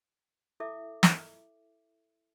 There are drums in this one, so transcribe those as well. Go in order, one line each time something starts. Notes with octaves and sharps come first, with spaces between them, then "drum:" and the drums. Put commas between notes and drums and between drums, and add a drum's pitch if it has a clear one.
E4 A4 E5 D6
drum: snare